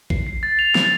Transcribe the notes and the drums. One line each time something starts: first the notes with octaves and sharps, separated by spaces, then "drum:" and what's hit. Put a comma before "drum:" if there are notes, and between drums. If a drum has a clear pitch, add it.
C7, drum: kick A#1
C7
A6
F7
A6, drum: snare